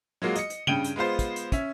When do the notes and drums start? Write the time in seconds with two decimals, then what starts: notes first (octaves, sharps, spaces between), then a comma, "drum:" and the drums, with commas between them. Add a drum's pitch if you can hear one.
0.22 F#3 G#3 A#3 F4 F#4
0.35 D#5 C#7, drum: hi-hat
0.50 drum: hi-hat
0.67 G2 C#3 G5 D7 D#7 G7, drum: tom C#3
0.84 drum: hi-hat
0.96 G#3 B3 F4 C5
1.19 drum: kick, hi-hat
1.36 drum: hi-hat
1.52 C#4 E5, drum: kick, hi-hat